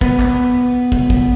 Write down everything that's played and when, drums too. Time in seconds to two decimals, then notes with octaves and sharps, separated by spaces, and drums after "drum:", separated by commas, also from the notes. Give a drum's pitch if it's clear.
0.01 B3, drum: kick
0.19 drum: clap
0.92 drum: kick
1.10 drum: kick